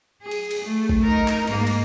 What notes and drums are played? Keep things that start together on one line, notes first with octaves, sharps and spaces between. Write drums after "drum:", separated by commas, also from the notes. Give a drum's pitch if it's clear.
G#4
drum: cymbal
drum: cymbal
A3
drum: kick
D#4 A#4
drum: clap
G#2 A#3, drum: cymbal
drum: cymbal